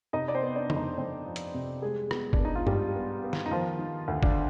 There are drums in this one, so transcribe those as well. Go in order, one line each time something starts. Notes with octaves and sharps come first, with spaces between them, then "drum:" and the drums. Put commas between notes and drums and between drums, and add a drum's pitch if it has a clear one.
C3 D#4 D#5
D5
C4 C5
B3
D4 D5
F2, drum: tom C#3
D#4 D#5
F2 C4 C5
F3
drum: hi-hat
C3
G3 G#3 G#4
B3, drum: rim click
D4, drum: kick
B3
D#4
F4
G#2 G3 G4, drum: tom G2
B3
B3
drum: snare
D#4
D#3 F3 F4
D#3
D2
D4, drum: kick